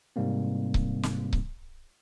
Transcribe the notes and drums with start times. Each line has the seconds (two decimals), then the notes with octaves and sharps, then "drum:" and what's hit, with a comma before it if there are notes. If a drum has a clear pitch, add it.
0.16 G#2 C3 G3 A#3 C4
0.74 drum: kick C#1
1.03 drum: snare
1.33 drum: kick C#1